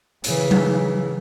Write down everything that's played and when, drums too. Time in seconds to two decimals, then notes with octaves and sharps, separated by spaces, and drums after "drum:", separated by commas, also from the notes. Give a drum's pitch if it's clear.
0.24 C#3 E3, drum: hi-hat
0.51 drum: tom F#3